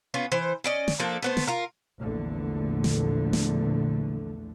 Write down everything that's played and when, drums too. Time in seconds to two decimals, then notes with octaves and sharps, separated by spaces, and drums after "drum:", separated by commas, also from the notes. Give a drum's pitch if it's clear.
0.14 B3 C#4 F4
0.32 E3 C5
0.64 C#4 D5 D#5
0.88 drum: snare
1.00 F3 A#3 D4 A4
1.22 A3 B3 C5
1.37 drum: snare
1.47 F4 A#4
2.00 A#1 E2 D3 A3
2.84 drum: snare
3.33 drum: snare